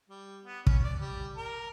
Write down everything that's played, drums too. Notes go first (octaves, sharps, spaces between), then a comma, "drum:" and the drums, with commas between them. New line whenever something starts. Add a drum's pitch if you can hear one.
G3
B3
C#4, drum: kick
D5
G3
A#4